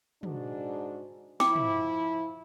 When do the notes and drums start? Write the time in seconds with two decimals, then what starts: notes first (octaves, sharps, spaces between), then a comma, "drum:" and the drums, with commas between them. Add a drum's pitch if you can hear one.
0.23 G#2 D4 F#4, drum: tom
1.40 F3 E4 G5 D6, drum: snare
1.55 drum: tom